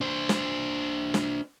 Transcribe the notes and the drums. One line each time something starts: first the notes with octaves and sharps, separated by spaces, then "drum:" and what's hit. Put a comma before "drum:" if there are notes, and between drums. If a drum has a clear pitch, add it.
D4 C5
drum: snare
drum: snare